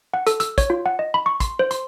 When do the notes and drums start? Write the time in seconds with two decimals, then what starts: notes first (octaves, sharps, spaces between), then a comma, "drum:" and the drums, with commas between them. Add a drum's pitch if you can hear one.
0.14 F#5
0.27 A4, drum: hi-hat
0.40 E6, drum: hi-hat
0.58 C#5, drum: kick, hi-hat
0.70 F4
0.86 F#5
0.99 D#5
1.14 B5
1.26 C#6
1.40 C6, drum: kick, hi-hat
1.59 C5
1.71 C6, drum: hi-hat